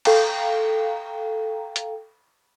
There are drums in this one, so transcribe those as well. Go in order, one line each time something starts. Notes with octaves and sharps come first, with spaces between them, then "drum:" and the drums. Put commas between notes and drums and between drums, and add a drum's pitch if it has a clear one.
A4 F5 G5 A#5, drum: cymbal
drum: hi-hat